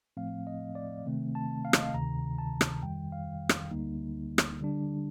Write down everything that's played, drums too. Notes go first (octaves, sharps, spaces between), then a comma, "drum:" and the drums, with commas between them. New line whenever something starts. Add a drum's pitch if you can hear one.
A2 F3 A3 C4 F5
D#5
D5
C3 D#3 A3 C4
A5
F5
D#5, drum: rim click
F5
D2 C3 D#3 A#5
A5
drum: rim click
F2 D#3 G3 G5
F5
drum: rim click
D2 D3 G3 A#3 D#4
drum: rim click
D3 G3 D4